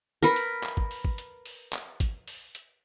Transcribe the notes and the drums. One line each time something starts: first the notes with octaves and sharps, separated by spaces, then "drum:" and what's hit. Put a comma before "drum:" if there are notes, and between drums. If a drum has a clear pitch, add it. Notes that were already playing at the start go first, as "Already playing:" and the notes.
A#4 B4
drum: hi-hat
drum: clap
drum: kick G#1
drum: open hi-hat
drum: kick G#1
drum: hi-hat
drum: open hi-hat
drum: clap
drum: kick G#1, hi-hat
drum: open hi-hat
drum: hi-hat